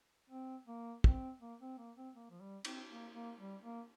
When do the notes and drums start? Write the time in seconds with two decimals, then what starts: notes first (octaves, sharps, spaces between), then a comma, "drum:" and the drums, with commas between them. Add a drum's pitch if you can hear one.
0.30 C4
0.67 A#3
1.04 C4, drum: kick
1.41 A#3
1.61 C4
1.78 A#3
1.97 C4
2.15 A#3
2.30 F3
2.41 G3
2.65 C4, drum: cymbal
2.90 A#3
3.14 A#3
3.39 G3
3.63 A#3